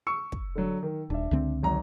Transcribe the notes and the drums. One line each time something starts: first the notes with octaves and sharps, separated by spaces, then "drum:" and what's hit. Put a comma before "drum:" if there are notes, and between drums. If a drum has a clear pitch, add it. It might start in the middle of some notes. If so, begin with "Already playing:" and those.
C#6 E6 C#7
drum: kick
D3 F#3
D#3
D#1 D4 E5
C#2 D3 C4
G#1 F#3 A#5